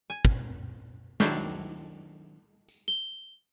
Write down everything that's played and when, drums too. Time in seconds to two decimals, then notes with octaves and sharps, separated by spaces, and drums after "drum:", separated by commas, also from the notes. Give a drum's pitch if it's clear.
0.10 G#5
0.25 drum: kick
1.20 D#3 F#3 C4 D4 E4 C5, drum: snare
2.69 drum: tambourine
2.88 G7